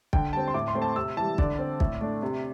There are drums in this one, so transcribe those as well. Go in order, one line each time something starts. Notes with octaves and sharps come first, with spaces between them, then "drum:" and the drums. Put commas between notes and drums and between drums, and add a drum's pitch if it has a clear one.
D3 G5, drum: kick
G3 C4 A5
C6
A2 D6
C6
A3 C4
A5
C3 E6
E3 G3 A5
D3 D5, drum: kick
C4
A2, drum: kick
A3 D4
C3